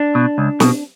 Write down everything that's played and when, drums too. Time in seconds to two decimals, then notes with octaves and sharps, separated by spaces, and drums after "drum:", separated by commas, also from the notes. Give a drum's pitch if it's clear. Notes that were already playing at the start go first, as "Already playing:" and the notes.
Already playing: D4
0.15 B2
0.38 C#2
0.60 B2, drum: snare